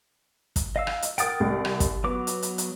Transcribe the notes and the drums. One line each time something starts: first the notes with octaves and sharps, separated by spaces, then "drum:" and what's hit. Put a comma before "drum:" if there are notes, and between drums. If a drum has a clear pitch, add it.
drum: kick, hi-hat
D#5 F5 E6
drum: rim click
drum: hi-hat
A#4 F#5 G5 D#6 A6 D7, drum: hi-hat
C2
drum: rim click
drum: kick, hi-hat
F#3 B3 D6
drum: hi-hat
drum: hi-hat
drum: hi-hat